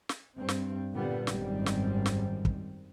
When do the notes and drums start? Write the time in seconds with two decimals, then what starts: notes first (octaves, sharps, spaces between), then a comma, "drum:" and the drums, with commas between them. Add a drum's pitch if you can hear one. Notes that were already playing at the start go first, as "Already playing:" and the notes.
0.09 drum: snare
0.38 G2 C4
0.49 drum: snare
0.92 A#2 D3 G3 B3
1.27 G#1 F#2 D#3 G3 C4, drum: snare
1.66 drum: snare
2.06 drum: snare
2.45 drum: kick